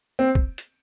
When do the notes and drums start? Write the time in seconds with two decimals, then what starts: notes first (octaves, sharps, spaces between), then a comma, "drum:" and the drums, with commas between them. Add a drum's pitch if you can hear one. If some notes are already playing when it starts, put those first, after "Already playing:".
0.19 C4
0.35 drum: kick
0.58 drum: hi-hat